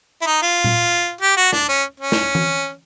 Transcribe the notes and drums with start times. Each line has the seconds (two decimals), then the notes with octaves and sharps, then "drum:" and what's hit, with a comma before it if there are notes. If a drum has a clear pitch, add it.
0.22 E4
0.27 D#4
0.43 F4
0.64 drum: tom A#2
1.21 G4
1.37 F#4
1.53 D4, drum: snare
1.69 C#4
2.00 C#4
2.12 drum: snare
2.35 drum: tom E3